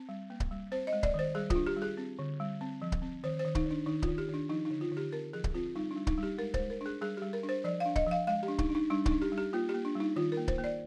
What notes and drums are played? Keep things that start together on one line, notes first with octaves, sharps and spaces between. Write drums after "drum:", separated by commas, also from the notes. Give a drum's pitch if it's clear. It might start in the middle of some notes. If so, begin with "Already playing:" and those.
Already playing: C4
G3
A#3
drum: kick C#1
G3
C4 C5
D#5
G#3
D5, drum: kick C#1
D#3 C5
G3 G#4
F4, drum: kick C#1
D4
G4
G3
G#4
C4
D3
G3
C4
F3
drum: kick C#1
C4
D#3 C5
C5
D#3
D#4, drum: kick C#1
D#3
D4
D#3 D#4
F4, drum: kick C#1
D#3
G4
D#3
D4
F3 D#4
D#4
D3
F4
D3
G4
C4 A#4
F3 G#4
drum: kick C#1
C4 F4
G3 D#4
D4
G3
D#4, drum: kick C#1
G3
G4
G#3 A#4
C5, drum: kick C#1
G#3
A#4
D4 G#4
G3 G#4
G4
G3
A#4
D4
C5
F3 D5
F5
D4
D#5, drum: kick C#1
F3 F5
G#3 F5
G4
D4
D#4, drum: kick C#1
D4
D#4
G3 D4
D#4, drum: kick C#1
D4
G4
G3
G4
A#3 F4
G4
A#3
D4
G3 D#4
D#3 F4
A#4
A#3
C5, drum: kick C#1
A#3
D5